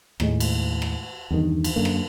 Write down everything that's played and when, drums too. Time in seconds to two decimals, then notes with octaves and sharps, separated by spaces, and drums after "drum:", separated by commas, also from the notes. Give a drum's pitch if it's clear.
0.20 D#2 A2 G#3, drum: rim click
0.40 drum: cymbal
0.82 drum: rim click
1.31 E2 G2 D#3
1.64 drum: cymbal
1.76 F#2 D3 A#3
1.85 drum: rim click